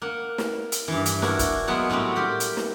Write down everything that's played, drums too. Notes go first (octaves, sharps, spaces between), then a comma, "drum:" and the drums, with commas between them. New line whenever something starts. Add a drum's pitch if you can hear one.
A#3 F#5
drum: snare
drum: hi-hat
G2 E3
drum: hi-hat
D4 E4 F#4 A#4, drum: snare
drum: kick, hi-hat
F#3 G#3 A#3 B3 E5 F#5
A2 F#3 G3 C4 F#4
G4 A#4 B5
drum: hi-hat
drum: snare